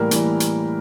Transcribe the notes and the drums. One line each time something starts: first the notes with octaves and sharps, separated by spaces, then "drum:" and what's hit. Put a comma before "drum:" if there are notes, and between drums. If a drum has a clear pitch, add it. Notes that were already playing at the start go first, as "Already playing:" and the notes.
Already playing: A2 E3 G3 A#3 A#4
A2 E3 G3 A#3, drum: hi-hat
drum: hi-hat